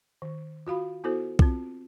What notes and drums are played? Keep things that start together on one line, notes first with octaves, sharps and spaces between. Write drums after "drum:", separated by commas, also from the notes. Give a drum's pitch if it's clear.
D#3
F4 F#4 F5 B5
B3 E4 F#4 A4 C5
C4 F4, drum: kick B1